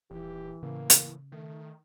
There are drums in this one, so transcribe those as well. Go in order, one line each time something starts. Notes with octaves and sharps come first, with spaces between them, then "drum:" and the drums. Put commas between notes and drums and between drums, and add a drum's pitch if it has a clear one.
D#1 E3 G4
A2 C#3 A#3
drum: hi-hat
D#3 A3